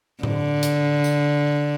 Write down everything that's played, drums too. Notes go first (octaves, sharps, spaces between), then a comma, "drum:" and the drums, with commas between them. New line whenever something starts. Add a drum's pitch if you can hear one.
D3, drum: tom A2
drum: hi-hat
drum: tambourine